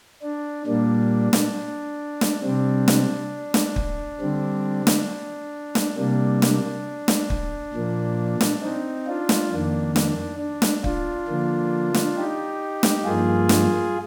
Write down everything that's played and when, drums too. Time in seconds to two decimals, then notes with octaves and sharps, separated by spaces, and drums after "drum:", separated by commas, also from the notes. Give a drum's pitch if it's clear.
0.23 D4
0.66 A#2 G3 A#3 D4
1.33 drum: snare
2.21 drum: snare
2.43 C3 G3 C4 D4
2.88 drum: snare
3.54 drum: snare
3.76 drum: kick
4.20 D3 G3 C4
4.87 drum: snare
5.75 drum: snare
5.97 C3 G3 A#3 D4
6.42 D4, drum: snare
7.08 drum: snare
7.30 drum: kick
7.74 A#2 F3 A#3
8.41 drum: snare
8.62 C4 D#4
9.07 D4 F4
9.29 drum: snare
9.51 F2 D#3 A#3 D4
9.96 D4, drum: snare
10.39 D4
10.62 drum: snare
10.84 D4 F4, drum: kick
11.28 D3 F3 A#3
11.94 drum: snare
12.17 D#4 G4
12.83 drum: snare
13.05 G2 F3 A#3 F4 G#4
13.49 drum: snare